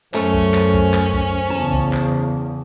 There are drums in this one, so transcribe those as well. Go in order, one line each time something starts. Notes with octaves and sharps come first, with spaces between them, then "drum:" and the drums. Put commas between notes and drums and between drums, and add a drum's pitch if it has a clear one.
F#2 A3 C#4 C5, drum: clap
drum: kick C2
drum: clap
drum: kick C2
drum: clap
drum: kick C2
E2 C#3 A5
drum: kick C2
drum: clap